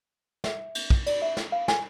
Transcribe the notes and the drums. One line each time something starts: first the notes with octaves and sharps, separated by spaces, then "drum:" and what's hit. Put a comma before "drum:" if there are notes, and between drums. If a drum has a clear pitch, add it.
E5, drum: snare
drum: cymbal
drum: kick
D5, drum: cymbal
E5
drum: snare
F5
G#5, drum: snare